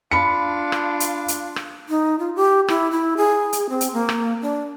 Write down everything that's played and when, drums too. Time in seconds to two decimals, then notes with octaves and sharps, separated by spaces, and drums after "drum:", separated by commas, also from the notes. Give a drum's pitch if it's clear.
0.11 D4 F4 B5 C#7
0.72 drum: rim click
1.00 drum: hi-hat
1.28 drum: hi-hat
1.56 drum: rim click
1.89 D#4
2.19 F4
2.36 G4
2.68 E4, drum: rim click
2.91 E4
3.17 G#4
3.53 drum: hi-hat
3.69 C4
3.81 drum: hi-hat
3.93 A#3
4.09 drum: rim click
4.42 D4